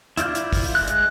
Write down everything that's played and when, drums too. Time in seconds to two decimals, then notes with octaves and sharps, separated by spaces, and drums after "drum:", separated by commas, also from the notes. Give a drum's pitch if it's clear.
0.17 E4 F4 D5 G6, drum: hi-hat
0.35 drum: hi-hat
0.53 drum: kick, open hi-hat
0.75 G#3 F#6
0.88 drum: hi-hat